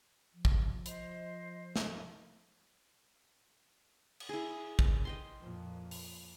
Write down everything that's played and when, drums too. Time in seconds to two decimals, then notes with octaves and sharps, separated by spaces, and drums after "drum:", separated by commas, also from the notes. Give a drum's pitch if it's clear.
0.34 F3
0.45 drum: kick
0.86 C5 D#5, drum: hi-hat
1.76 drum: snare
4.20 drum: cymbal
4.29 E4 G#4
4.79 drum: kick
5.05 D#5 G5 C6
5.41 F2 A#2 F3
5.91 drum: open hi-hat